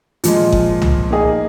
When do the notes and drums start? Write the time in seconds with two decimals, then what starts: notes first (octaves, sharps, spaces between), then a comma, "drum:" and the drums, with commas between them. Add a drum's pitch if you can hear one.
0.24 A#2 F3 G#3, drum: hi-hat
0.52 drum: kick F#1
0.82 drum: tom C2
1.11 A#3 D#4 G#4 D#5